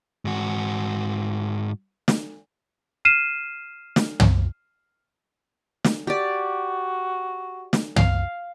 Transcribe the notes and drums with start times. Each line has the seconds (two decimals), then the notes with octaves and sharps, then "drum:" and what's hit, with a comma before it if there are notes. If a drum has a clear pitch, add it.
0.25 G#2 F#4
2.08 drum: snare
3.05 F6 C7 D#7 E7
3.96 drum: snare
4.20 drum: tom
5.84 drum: snare
6.07 F#4 G4 D5
7.73 drum: snare
7.96 F5, drum: tom